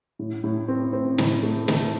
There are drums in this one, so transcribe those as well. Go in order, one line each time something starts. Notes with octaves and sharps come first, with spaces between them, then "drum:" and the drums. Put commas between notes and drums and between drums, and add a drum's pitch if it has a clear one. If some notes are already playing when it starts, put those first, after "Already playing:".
A2
A2
C4
C4
A2, drum: snare
A3
A3, drum: snare